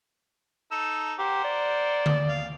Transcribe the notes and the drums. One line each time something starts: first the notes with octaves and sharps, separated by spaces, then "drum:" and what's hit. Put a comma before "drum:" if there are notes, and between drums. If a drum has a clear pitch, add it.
D#4 A4 E6
G4 A#4 C5 F#5
D5
drum: tom D3
F5